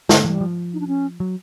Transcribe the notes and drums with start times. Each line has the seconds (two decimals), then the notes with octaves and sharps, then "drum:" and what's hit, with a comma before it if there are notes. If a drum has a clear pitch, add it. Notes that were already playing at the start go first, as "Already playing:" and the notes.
0.09 D3, drum: snare
0.25 E3 G3
0.41 F3
0.74 D#4
0.80 D4
0.87 C#4
1.20 F#3